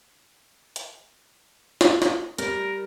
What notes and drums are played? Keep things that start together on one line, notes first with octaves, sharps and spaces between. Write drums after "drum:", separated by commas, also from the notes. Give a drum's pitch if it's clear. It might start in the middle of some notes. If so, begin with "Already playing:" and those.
drum: hi-hat
drum: snare
drum: snare
G3 A#4, drum: hi-hat